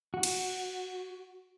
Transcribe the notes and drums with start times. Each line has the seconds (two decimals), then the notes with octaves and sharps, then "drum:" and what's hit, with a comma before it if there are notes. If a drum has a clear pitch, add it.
0.14 F#4
0.23 drum: cymbal